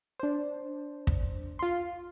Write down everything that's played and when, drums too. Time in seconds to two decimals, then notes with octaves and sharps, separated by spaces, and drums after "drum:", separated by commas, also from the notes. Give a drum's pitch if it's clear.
0.20 D4 C5
1.07 drum: kick
1.59 F4 C6